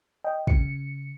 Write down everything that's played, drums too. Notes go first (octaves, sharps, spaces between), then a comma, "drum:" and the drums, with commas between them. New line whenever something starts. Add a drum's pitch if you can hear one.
D#5 G5
C#3 C#7, drum: kick